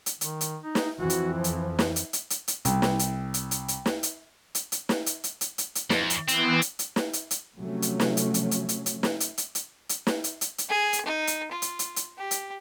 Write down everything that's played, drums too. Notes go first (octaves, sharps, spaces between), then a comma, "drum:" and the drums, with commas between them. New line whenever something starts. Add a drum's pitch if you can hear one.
drum: hi-hat
D#3, drum: hi-hat
drum: hi-hat
D#4
drum: snare
F2 E3 F#4
drum: hi-hat
F3
drum: hi-hat
drum: snare
drum: hi-hat
drum: hi-hat
drum: hi-hat
drum: hi-hat
C2, drum: hi-hat
drum: snare
drum: hi-hat
drum: hi-hat
drum: hi-hat
drum: hi-hat
drum: snare
drum: hi-hat
drum: hi-hat
drum: hi-hat
drum: snare
drum: hi-hat
drum: hi-hat
drum: hi-hat
drum: hi-hat
drum: hi-hat
F2, drum: snare
drum: hi-hat
E3 B3 C4, drum: hi-hat
drum: hi-hat
drum: hi-hat
drum: snare
drum: hi-hat
drum: hi-hat
C3 F3 F#3 A3 C#4
drum: hi-hat
drum: snare
drum: hi-hat
drum: hi-hat
drum: hi-hat
drum: hi-hat
drum: hi-hat
drum: snare
drum: hi-hat
drum: hi-hat
drum: hi-hat
drum: hi-hat
drum: snare
drum: hi-hat
drum: hi-hat
drum: hi-hat
G#4
drum: hi-hat
D#4
drum: hi-hat
F4
drum: hi-hat
drum: hi-hat
drum: hi-hat
G4
drum: hi-hat